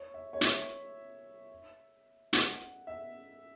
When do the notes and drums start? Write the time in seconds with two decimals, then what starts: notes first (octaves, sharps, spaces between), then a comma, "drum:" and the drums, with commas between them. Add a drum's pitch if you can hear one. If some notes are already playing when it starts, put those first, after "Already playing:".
Already playing: C#5
0.14 E5
0.33 C#5
0.41 E5, drum: hi-hat
2.33 F#5, drum: hi-hat
2.87 E5